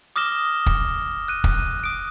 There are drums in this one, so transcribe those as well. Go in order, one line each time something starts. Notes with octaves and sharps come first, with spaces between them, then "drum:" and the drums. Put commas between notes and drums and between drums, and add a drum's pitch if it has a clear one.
D6 D#6 F6 A#6 E7 G7
drum: kick
F#6 D#7
drum: kick
D#6 D7